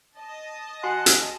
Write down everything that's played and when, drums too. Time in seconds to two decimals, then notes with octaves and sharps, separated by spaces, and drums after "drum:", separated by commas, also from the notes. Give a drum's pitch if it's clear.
0.16 D#5 A5
0.83 F#4 F#5 G#5 C6
1.06 drum: hi-hat